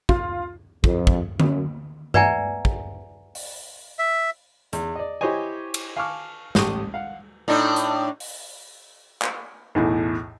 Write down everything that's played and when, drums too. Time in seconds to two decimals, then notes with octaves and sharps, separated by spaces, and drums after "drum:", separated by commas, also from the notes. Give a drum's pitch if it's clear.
0.09 F4, drum: kick
0.84 F2, drum: kick
1.07 drum: kick
1.40 F#2, drum: tom D3
2.14 B4 D5 E5 F#5 G#5 A#5, drum: tom G2
2.65 drum: kick
3.35 drum: open hi-hat
3.99 E5
4.73 E2, drum: hi-hat
4.96 D5 D#5
5.21 E4 G4 C5 C#5 D#5 G#5
5.74 drum: cymbal
5.96 F5 G#5 A5 C#6 D6 F6
6.55 A1 G4 C#6 D#6, drum: snare
6.94 F5 F#5
7.48 A2 D4 D#4
7.76 drum: hi-hat
8.20 drum: open hi-hat
9.22 drum: clap
9.75 B1 E2 A2